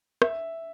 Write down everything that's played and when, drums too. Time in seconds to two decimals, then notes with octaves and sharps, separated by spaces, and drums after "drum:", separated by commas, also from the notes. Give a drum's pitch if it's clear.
0.22 E5, drum: rim click